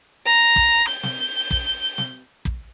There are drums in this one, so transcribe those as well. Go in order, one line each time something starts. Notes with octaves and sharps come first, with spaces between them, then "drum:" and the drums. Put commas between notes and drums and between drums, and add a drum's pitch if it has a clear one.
A#5
drum: kick
G6
drum: snare
drum: kick
drum: snare
drum: kick